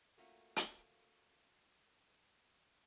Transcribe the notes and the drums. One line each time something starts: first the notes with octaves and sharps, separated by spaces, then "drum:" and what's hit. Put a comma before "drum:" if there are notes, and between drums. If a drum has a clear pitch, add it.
A3 A#3 C#4 F4 F#4
drum: hi-hat